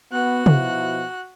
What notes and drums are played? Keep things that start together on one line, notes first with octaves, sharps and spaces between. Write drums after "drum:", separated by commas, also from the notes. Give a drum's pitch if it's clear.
B3 F#4 F#6
B2 F3 E4, drum: tom C3